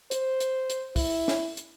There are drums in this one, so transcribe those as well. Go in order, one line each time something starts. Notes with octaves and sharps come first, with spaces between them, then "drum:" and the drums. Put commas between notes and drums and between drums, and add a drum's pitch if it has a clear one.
C5, drum: hi-hat
drum: hi-hat
drum: hi-hat
E4, drum: kick, open hi-hat
drum: snare
drum: hi-hat